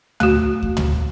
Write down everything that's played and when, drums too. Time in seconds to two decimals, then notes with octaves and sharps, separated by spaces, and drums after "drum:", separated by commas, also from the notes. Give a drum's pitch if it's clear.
0.20 A3 F#4, drum: tom
0.63 drum: kick D#2
0.77 drum: tom